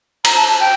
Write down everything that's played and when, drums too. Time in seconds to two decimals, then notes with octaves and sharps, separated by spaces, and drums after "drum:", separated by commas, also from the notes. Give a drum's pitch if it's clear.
0.25 A#5, drum: cymbal
0.37 A5
0.49 A5
0.60 G5